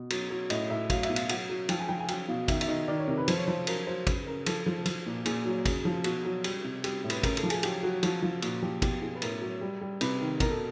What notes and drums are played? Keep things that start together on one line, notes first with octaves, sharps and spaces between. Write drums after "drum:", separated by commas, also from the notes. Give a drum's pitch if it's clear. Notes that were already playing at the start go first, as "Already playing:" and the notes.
Already playing: B2
F#3, drum: cymbal
F#3
A2 D#5, drum: cymbal
A2 E5
F#3 F5, drum: kick, cymbal
E5, drum: cymbal
B2
F5, drum: cymbal
F#3 F#5, drum: cymbal
F#3
F3 G5, drum: cymbal
G#5
F3 G5
G#5
F#3 G5, drum: cymbal
B2 F5
D#3 E5, drum: kick, cymbal
E5, drum: cymbal
D#3 D#5
D#3 D5
C#5
C3 A#4
B4
F3 C5, drum: cymbal
C#5
F3 C5
F#3 A#4, drum: cymbal
F#3 C5
C#3 B4, drum: kick, cymbal
C#3 A#4
F3 A4, drum: cymbal
F3
F3, drum: cymbal
A#2
A#2 G#4, drum: cymbal
F#3
C#3, drum: kick, cymbal
F3
B2 F#4, drum: cymbal
F#3
G3, drum: cymbal
C3
G3 G4, drum: cymbal
A2
B4, drum: cymbal
C#3 A#4, drum: kick, cymbal
A4, drum: cymbal
F3
G#4, drum: cymbal
F#3 G4, drum: cymbal
F#3 F#4
F3 F#4, drum: cymbal
F3 F4
A#2 F#4, drum: cymbal
F3 G4
B2 G4, drum: kick, cymbal
B2 G#4
B4
A2 A#4, drum: cymbal
F#3
G3
G3
C3 B4, drum: cymbal
D#3
B2 A#4, drum: kick, cymbal
A4